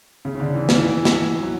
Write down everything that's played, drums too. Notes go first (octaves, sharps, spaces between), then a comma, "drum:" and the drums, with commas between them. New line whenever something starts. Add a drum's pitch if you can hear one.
C#3
C#3
D3
E3
E3, drum: snare
E3
drum: snare
F#3